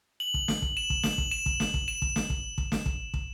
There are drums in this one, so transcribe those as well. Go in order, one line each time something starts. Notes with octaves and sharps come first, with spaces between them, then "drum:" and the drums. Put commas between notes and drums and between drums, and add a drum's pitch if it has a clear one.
F#7
drum: kick
drum: snare
drum: kick
E7
drum: kick
F#7, drum: snare
drum: kick
E7
drum: kick
drum: snare
drum: kick
E7
drum: kick
drum: snare
drum: kick
drum: kick
drum: snare
drum: kick
drum: kick